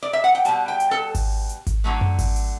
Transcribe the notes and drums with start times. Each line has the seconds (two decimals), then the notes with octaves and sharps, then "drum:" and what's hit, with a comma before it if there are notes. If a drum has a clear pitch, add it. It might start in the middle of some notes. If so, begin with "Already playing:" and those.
0.03 D5
0.13 E5
0.24 F#5
0.35 G5
0.45 B2 G3 A5, drum: hi-hat
0.68 G5
0.80 drum: hi-hat
0.91 A4
1.15 drum: kick G#1, open hi-hat
1.49 drum: hi-hat
1.67 drum: kick G#1, hi-hat
1.84 D3 F#3 A3
2.01 drum: tom F#2
2.19 drum: kick G#1, open hi-hat
2.36 drum: hi-hat